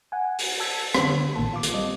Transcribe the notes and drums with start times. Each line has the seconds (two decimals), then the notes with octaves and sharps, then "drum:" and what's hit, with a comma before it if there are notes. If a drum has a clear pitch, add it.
0.12 F#5 G#5
0.39 drum: open hi-hat
0.60 A5 E6 G#6 A6 B6
0.95 D3 B3, drum: rim click
1.35 A1 A#2 D#3 A#3 A4
1.54 F4 D6
1.63 drum: hi-hat
1.74 G3 C4 D#5